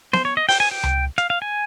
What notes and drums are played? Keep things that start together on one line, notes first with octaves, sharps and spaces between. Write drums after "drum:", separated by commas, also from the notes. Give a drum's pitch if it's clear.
C5, drum: snare B3
C#5
D#5
G5, drum: open hi-hat
G#5
G5
drum: tom C#2
F5, drum: hi-hat
F5
G#5